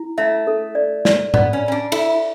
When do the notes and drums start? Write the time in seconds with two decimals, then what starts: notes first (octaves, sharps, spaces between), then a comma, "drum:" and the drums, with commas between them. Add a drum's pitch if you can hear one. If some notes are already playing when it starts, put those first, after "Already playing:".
Already playing: E4
0.18 A3 E5
0.47 A4
0.75 D5
1.05 D5, drum: snare
1.34 B3 D5, drum: tom A2
1.53 C#4
1.62 D5
1.68 C#4
1.72 D4
1.92 E4 A4, drum: cymbal